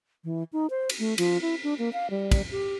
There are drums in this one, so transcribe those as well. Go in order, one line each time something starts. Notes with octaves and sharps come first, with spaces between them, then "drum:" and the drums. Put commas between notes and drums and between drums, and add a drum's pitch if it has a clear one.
E3
D#4
C5
drum: cymbal
A3
F3, drum: cymbal
E4
D4
A#3
F5
G3
drum: kick, cymbal
G4